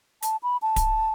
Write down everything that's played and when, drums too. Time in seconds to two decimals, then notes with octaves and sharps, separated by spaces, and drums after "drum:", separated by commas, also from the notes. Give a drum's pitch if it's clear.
0.22 A5, drum: hi-hat
0.43 B5
0.62 A5
0.76 drum: kick D1, hi-hat